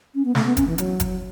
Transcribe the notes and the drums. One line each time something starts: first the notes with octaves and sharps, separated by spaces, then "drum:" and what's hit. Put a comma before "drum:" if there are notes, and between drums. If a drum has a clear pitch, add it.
C#4
B3
A3, drum: snare
B3
C#4, drum: kick F#1, hi-hat
E3
F#3, drum: hi-hat
drum: kick F#1, hi-hat